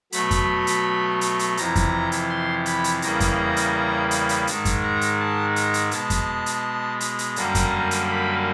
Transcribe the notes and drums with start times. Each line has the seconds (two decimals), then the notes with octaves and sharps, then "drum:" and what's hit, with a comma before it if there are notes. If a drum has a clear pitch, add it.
0.12 B2 F#3 A3 B5, drum: hi-hat
0.31 drum: kick F2, hi-hat
0.67 drum: hi-hat
1.21 drum: hi-hat
1.39 drum: hi-hat
1.57 F2 C3 E3 A#5, drum: hi-hat
1.75 drum: kick F2, hi-hat
2.12 drum: hi-hat
2.29 C6
2.66 B5, drum: hi-hat
2.84 drum: hi-hat
3.02 E2 C#3 E3 G3 A#3 A#5, drum: hi-hat
3.20 drum: kick F2, hi-hat
3.57 drum: hi-hat
4.11 drum: hi-hat
4.29 drum: hi-hat
4.47 G#2 D#3 G#3 A5, drum: hi-hat
4.65 drum: kick F2, hi-hat
4.83 A#5
5.01 drum: hi-hat
5.20 A5
5.56 A#5, drum: hi-hat
5.74 drum: hi-hat
5.91 B2 G#3 A5, drum: hi-hat
6.10 drum: kick F2, hi-hat
6.46 drum: hi-hat
7.00 drum: hi-hat
7.19 drum: hi-hat
7.36 F#2 D3 G3 A#3 A#5, drum: hi-hat
7.55 drum: kick F2, hi-hat
7.91 drum: hi-hat
8.09 B5